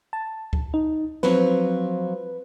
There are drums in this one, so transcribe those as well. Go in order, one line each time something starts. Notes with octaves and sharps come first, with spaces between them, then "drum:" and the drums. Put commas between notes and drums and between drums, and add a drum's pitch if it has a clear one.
A5
drum: kick C#2
D#4
F3 F#3 C4 B4, drum: snare